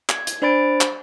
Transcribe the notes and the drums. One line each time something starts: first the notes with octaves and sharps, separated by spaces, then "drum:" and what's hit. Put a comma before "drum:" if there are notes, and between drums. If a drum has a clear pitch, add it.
G#6, drum: clap
drum: hi-hat
D4 C5 D5 B5 A6 D7
drum: clap